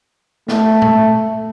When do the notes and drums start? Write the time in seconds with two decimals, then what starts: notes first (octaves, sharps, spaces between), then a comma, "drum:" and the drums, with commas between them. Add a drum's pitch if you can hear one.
0.48 A3, drum: snare
0.82 drum: tom